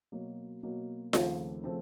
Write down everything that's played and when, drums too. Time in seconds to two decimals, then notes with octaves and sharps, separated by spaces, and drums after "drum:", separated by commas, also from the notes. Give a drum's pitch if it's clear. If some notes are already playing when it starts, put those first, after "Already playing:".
0.12 B2 F#3 A#3
0.63 B2 F#3 A#3
1.13 D#2 C#3 F3 A3 C4, drum: snare F4
1.64 C#3 F3 A3 C4